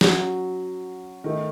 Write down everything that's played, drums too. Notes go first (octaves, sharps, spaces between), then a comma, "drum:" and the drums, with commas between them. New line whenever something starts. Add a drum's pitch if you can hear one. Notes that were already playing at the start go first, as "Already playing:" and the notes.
F#3 C#4 F#4, drum: snare
D#3 A3 D#4